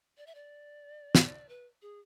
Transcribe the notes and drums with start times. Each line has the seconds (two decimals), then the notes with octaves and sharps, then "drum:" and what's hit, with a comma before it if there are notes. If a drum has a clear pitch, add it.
0.17 D5
0.26 E5
0.35 D5
1.15 drum: snare
1.49 B4
1.82 G#4